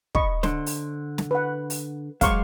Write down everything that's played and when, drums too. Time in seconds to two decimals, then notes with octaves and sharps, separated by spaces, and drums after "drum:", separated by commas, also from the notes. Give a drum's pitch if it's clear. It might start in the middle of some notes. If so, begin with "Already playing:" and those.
0.15 D#5 B5 C#6, drum: kick
0.43 D3 C5, drum: snare
0.66 drum: open hi-hat
1.18 drum: snare
1.31 B4 F#5
1.70 drum: open hi-hat
2.21 F#3 G#3 C5 F5 C#6 D6, drum: kick, hi-hat